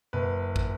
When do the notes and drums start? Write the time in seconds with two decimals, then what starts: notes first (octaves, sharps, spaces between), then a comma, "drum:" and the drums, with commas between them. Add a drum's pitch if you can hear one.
0.13 F#1 B4
0.56 drum: kick